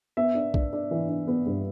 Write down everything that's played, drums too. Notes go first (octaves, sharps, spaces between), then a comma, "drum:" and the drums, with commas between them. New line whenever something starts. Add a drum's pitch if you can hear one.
B3 E5
D4
D4, drum: kick B1
D4
E3
D4
B3
G2